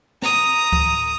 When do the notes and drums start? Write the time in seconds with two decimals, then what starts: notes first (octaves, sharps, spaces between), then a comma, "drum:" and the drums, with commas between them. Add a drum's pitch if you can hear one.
0.22 A#5 D#6, drum: snare
0.73 drum: kick C#2